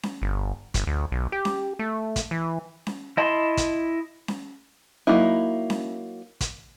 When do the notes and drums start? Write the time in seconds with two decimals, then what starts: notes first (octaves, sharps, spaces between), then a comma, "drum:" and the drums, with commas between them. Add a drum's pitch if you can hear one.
0.03 drum: snare C#4
0.22 G1
0.74 G1, drum: kick, hi-hat
0.87 D2
1.12 B1
1.32 G4
1.45 drum: snare C#4
1.79 A3
2.16 drum: kick, hi-hat
2.31 E3
2.87 drum: snare C#4
3.17 E4 D#5 A5 B5 C6
3.57 drum: kick, hi-hat
4.28 drum: snare C#4
5.07 F#3 A#3 D#4 E4
5.70 drum: snare C#4
6.41 drum: kick, hi-hat